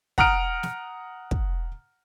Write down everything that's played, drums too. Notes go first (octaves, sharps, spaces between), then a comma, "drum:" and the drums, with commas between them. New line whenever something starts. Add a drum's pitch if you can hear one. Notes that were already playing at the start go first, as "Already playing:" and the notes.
F#5 A#5 D#6 F6 D7, drum: kick
drum: snare
drum: kick